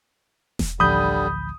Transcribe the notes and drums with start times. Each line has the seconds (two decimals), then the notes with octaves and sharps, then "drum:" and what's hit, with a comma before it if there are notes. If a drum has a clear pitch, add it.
0.59 drum: snare E1
0.80 A1 D2 D3 F3 G3 B5 D#6 G6